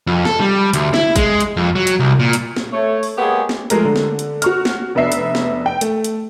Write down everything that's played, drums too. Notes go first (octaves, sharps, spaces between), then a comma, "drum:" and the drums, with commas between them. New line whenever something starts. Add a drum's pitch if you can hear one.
F2
A4, drum: snare
G3
D2, drum: hi-hat
E4, drum: snare
G#3, drum: kick G#1, hi-hat
drum: hi-hat
F2
F#3
drum: hi-hat
C2
A#2
drum: hi-hat
drum: snare
A3 C#5
drum: open hi-hat
G#3 A#3 B3 G4 G#4 C#5
drum: snare
F3 G#3 A3 A#4, drum: hi-hat
D3
drum: snare
drum: hi-hat
F#4 C#6 F6, drum: hi-hat
drum: snare
F1 B3 D4 E5 C7
drum: hi-hat
drum: snare
G5
A3, drum: hi-hat
drum: hi-hat